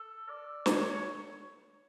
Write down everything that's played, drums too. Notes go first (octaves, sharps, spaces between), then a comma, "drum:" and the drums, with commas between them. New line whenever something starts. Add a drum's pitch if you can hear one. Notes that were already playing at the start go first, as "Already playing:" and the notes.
Already playing: A4
D5
C#5, drum: snare
C#5
C#5